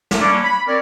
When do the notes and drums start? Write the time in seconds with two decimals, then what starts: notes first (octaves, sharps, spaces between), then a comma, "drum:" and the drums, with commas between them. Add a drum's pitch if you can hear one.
0.11 drum: snare
0.20 G3 A#3 C#4 D4
0.42 B5
0.67 C4 A#4 C#5 D5